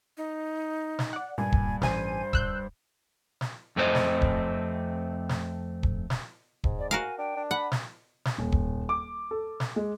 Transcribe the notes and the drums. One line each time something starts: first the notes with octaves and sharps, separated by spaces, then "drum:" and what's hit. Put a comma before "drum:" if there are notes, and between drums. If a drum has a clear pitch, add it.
D#4
drum: snare
D5 F#5
G2 A#2 G#5
drum: kick
A1 C5 G#5 D#7, drum: snare
E6 F#6 G6, drum: kick
drum: snare
F2 A3 C4 D4 C5 D#5
drum: snare
drum: kick
drum: snare
drum: kick
drum: snare
G#2, drum: kick
D5
F#4 A#4 F5 G#5
D4 G5
D4
F#5 B5
drum: snare
drum: snare
D#1
drum: kick
D6
A4
drum: snare
G#3